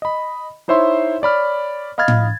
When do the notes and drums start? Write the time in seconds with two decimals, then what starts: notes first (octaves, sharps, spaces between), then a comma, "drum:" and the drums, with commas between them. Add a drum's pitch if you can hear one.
0.02 D#5 B5
0.68 D#4 E4 C5 C#5 E5 C6
1.22 C#5 D5 B5 F6
1.98 D#5 F5 B5 F6 G#6 A6
2.08 drum: tom A2